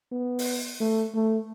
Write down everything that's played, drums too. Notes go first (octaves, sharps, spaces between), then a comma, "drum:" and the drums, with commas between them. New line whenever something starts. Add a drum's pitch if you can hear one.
B3
drum: open hi-hat
A3
A3